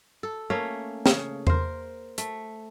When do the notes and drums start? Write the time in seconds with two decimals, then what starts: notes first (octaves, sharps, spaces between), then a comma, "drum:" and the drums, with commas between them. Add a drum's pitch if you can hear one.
0.23 A4
0.50 A3 A#3 C#4
1.06 C#3, drum: snare
1.47 A#4 C5, drum: tom E2
2.18 A3, drum: hi-hat